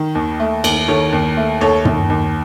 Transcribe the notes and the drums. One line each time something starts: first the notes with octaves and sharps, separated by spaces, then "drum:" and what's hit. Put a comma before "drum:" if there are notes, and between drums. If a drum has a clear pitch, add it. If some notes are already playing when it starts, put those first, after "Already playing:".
Already playing: D#3
D#2
A3
D#2, drum: cymbal
D#3 A4 C#5
D#2
A3
D#2 A4 C#5
D#3, drum: tom
D#2